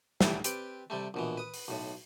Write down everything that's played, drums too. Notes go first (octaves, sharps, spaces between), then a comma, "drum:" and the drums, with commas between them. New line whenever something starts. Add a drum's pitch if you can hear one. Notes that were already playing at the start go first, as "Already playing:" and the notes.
A2 E3 G3 E4 G4, drum: snare
C4 G4 B4 D5, drum: hi-hat
C3 G3 A3
A#1 B2 E3
B4 D#6
drum: open hi-hat
B1 A2